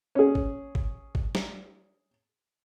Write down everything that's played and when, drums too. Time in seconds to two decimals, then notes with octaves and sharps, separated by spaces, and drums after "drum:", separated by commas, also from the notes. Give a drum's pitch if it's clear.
0.15 C#4 G#4
0.35 drum: kick G#1
0.75 drum: kick G#1
1.15 drum: kick G#1
1.35 drum: snare